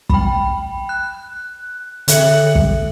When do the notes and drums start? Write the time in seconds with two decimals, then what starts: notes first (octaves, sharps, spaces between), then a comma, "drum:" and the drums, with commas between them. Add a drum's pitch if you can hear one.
0.09 G5 B5, drum: kick
0.89 F#6
2.08 D3 A4 E5 F#6 C#7 F#7, drum: hi-hat
2.55 drum: kick